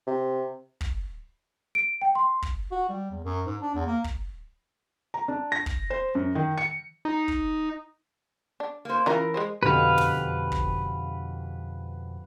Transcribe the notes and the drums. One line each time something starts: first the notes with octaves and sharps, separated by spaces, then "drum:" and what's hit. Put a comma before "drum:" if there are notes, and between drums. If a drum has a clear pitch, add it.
C3
drum: kick
D7
G5
C6
drum: kick
F#4
G3
E2
F#2
G#2
D4
E2
A#3
drum: kick
A#5
D4
A#6
drum: kick
C5
F#2
D#3
C#7
D#4
drum: kick
D4
A#3 C5
E3 C#4 F4 A#4 A#5
G#3 G#4 C5
F2 B2 D3 D4 G4 B4 F5
drum: tom
drum: kick